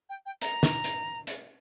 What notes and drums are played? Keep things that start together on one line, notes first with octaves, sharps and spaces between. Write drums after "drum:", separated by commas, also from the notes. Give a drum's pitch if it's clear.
G5
G5
A#5, drum: hi-hat
drum: snare
drum: hi-hat
drum: hi-hat